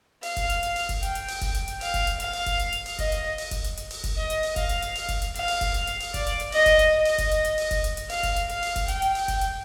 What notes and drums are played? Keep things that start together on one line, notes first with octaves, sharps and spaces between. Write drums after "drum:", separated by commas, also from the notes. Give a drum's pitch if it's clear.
F5, drum: open hi-hat
drum: kick, hi-hat
drum: hi-hat
drum: hi-hat
drum: open hi-hat
drum: kick, hi-hat
G5, drum: hi-hat
drum: hi-hat
drum: open hi-hat
drum: kick, hi-hat
drum: hi-hat
drum: hi-hat
F5, drum: open hi-hat
drum: kick, hi-hat
drum: hi-hat
F5, drum: hi-hat
drum: open hi-hat
drum: kick, hi-hat
drum: hi-hat
drum: hi-hat
drum: open hi-hat
D#5, drum: kick, hi-hat
drum: hi-hat
drum: open hi-hat
drum: kick, hi-hat
drum: hi-hat
drum: hi-hat
drum: open hi-hat
drum: kick, hi-hat
D#5
drum: hi-hat
drum: open hi-hat
F5, drum: kick, hi-hat
drum: hi-hat
drum: hi-hat
drum: open hi-hat
drum: kick, hi-hat
drum: hi-hat
F5, drum: hi-hat
drum: open hi-hat
drum: kick, hi-hat
drum: hi-hat
drum: hi-hat
drum: open hi-hat
D5, drum: kick, hi-hat
drum: hi-hat
drum: hi-hat
D#5, drum: open hi-hat
drum: kick, hi-hat
drum: hi-hat
D#5
drum: open hi-hat
drum: kick, hi-hat
drum: hi-hat
drum: hi-hat
drum: open hi-hat
drum: kick, hi-hat
drum: hi-hat
drum: hi-hat
F5, drum: open hi-hat
drum: kick, hi-hat
drum: hi-hat
F5, drum: hi-hat
drum: open hi-hat
drum: kick, hi-hat
G5, drum: hi-hat
drum: hi-hat
drum: open hi-hat
drum: kick, hi-hat
drum: hi-hat